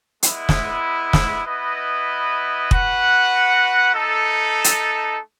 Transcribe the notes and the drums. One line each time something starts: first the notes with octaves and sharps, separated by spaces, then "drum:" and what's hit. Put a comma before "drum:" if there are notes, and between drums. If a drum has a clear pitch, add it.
G#3 B3 E4, drum: hi-hat
drum: snare
drum: snare
B3 E4 B4 D#5
F#4 B4 F#5, drum: kick
A3 D#4 A4
drum: hi-hat